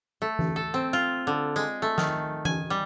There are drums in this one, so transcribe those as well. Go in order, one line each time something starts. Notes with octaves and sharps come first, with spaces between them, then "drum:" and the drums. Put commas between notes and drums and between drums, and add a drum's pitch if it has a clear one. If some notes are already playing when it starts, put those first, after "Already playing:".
A3
drum: tom E3
A4
C4
F4
D3
G#3, drum: tambourine
A3
D#3, drum: snare
G#5, drum: tom E3
G3